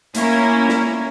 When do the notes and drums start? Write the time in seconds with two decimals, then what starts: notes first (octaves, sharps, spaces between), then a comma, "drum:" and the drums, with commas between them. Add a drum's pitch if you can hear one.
0.14 A#3 C#4 E4 A#4, drum: hi-hat
0.69 drum: snare